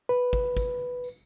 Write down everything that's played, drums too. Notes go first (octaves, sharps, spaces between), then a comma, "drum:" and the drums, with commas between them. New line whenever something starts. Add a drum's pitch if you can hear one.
B4
drum: kick
drum: kick, tambourine
drum: tambourine